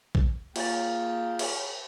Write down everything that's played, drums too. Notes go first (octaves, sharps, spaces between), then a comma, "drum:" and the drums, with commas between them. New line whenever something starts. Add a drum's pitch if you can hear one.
drum: kick A#1
A#3 F4 G#4 F5 G5 A6, drum: cymbal
drum: cymbal